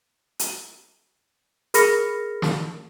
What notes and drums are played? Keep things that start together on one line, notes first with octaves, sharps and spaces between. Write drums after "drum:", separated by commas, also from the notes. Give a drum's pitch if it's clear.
drum: hi-hat
G#4 A#4 B5 F6 A#6 C#7, drum: hi-hat
drum: snare